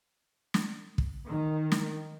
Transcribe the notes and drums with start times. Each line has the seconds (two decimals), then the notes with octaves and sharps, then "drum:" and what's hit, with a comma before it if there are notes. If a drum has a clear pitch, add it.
0.54 drum: snare
0.98 drum: kick
1.27 D#3
1.72 drum: snare